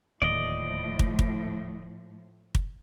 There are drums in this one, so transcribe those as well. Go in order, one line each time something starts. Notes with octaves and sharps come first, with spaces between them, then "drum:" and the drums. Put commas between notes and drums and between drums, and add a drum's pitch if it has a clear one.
D1 D#2 A2 F3 D5 D#5
drum: kick
drum: kick
drum: kick